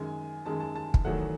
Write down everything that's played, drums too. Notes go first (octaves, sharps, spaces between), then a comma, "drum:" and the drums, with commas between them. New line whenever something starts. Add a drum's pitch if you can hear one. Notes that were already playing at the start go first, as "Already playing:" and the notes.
Already playing: F#2 D#3 G#3 G#5
F#2 D#3 G#3 A5
A5
A5
drum: kick
E2 D#3 F#3 A3 F#5